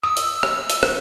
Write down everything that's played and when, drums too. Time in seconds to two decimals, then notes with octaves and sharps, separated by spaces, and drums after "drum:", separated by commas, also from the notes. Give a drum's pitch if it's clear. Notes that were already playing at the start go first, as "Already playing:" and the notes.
0.03 D#6 E6
0.17 drum: hi-hat
0.43 drum: rim click
0.70 drum: hi-hat
0.83 drum: rim click